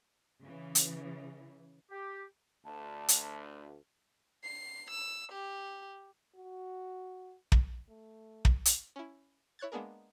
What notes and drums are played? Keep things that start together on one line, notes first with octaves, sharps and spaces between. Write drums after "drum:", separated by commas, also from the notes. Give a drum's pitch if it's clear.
C#3 E3
drum: hi-hat
G4
D2 A5
drum: hi-hat
C7
E6
G4
F#4
drum: kick
A3
drum: kick
drum: hi-hat
C#4 E4
E4 C#5 F#6 G#6 A6
G#3 A#3 B3 D4 G#4 A#4